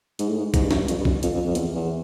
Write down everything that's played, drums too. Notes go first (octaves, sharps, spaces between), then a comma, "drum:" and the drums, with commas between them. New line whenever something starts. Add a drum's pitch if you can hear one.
G#2, drum: hi-hat
A2
G#2
G#2, drum: kick, hi-hat
G2
F#2, drum: snare D#4
G2
F2, drum: hi-hat
G2
F#2, drum: kick
F2, drum: hi-hat
F2
F2
E2, drum: hi-hat
E2